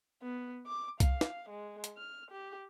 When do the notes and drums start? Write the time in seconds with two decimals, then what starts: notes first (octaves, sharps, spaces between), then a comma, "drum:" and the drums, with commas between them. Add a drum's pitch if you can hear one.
0.22 B3
0.67 D6
1.00 F5, drum: kick C2, hi-hat
1.21 drum: snare
1.49 G#3
1.84 drum: hi-hat
1.97 F6
2.31 G4